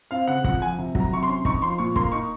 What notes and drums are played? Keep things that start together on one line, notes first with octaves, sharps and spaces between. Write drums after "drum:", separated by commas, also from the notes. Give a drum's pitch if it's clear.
C4 F5
C#3 F#5
F2 F#5, drum: kick
F#5
F3 G#5
C3
F#3, drum: kick
A#5
C3 C#6
C6
C#4
D#4 C#6, drum: kick
F3 C6
A#2 C#6
A#3 C6, drum: kick
D#4 C#6